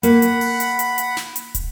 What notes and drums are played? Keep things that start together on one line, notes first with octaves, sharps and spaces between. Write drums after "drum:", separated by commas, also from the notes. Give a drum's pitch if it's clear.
A#3 F#5 B5 F#6, drum: hi-hat
drum: hi-hat
drum: open hi-hat
drum: hi-hat
drum: hi-hat
drum: hi-hat
drum: snare
drum: hi-hat
drum: kick, hi-hat